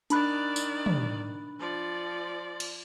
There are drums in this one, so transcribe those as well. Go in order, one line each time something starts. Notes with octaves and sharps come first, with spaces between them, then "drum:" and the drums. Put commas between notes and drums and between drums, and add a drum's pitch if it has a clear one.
D#3 D4 D5 B5 F#6, drum: hi-hat
drum: tambourine
drum: tom
F3 D5
drum: cymbal